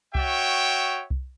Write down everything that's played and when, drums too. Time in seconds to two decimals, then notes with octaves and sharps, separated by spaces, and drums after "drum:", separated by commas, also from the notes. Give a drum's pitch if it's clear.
0.15 F#4 C#5 E5 G5, drum: kick C2
1.11 drum: kick C2